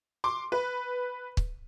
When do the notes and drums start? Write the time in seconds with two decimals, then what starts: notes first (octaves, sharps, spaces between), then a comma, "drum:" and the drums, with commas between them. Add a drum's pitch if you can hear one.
0.24 C6 D6
0.52 B4
1.37 drum: kick